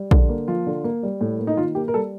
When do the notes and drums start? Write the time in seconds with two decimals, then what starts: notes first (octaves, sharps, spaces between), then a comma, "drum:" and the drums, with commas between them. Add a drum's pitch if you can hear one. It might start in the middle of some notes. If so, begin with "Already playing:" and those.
Already playing: G3
0.11 D3, drum: kick A#1
0.29 A#3
0.48 F3 F4
0.67 D3
0.84 A#3
1.03 G3
1.21 A2
1.39 A#3
1.47 D#4
1.57 D#3 F4
1.75 A#3 G4
1.88 A#4
1.94 G3 A4